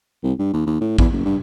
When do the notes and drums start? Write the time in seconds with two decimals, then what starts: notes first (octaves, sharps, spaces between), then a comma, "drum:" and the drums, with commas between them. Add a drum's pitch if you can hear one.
0.23 C2
0.39 G2
0.53 D#2
0.66 D#2
0.81 A2
0.98 E2, drum: kick A1
1.12 F#1
1.24 G2